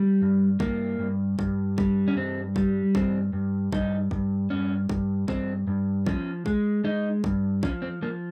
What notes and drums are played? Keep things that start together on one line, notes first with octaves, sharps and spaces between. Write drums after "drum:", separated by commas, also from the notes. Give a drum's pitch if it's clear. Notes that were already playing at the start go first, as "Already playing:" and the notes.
Already playing: G3
G2
G2 A#3, drum: kick
G2
G2, drum: kick
G3, drum: kick
C#4
G2 C4
G3, drum: kick
G2 C4, drum: kick
G2
G2 D#4, drum: kick
G2, drum: kick
G2 C#4
G2, drum: kick
G2 C4, drum: kick
G2
F3 C#4, drum: kick
G#3, drum: kick
G#3 D#4
G2, drum: kick
F3 C#4, drum: kick
C4
F3 A#3